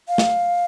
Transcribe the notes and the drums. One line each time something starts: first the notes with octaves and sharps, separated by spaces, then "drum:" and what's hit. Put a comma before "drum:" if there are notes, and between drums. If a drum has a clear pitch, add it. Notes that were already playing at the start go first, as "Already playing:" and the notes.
F5
drum: snare